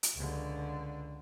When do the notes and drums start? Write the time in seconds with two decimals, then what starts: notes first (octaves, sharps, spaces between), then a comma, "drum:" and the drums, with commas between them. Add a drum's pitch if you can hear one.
0.03 drum: hi-hat
0.15 C#2 D3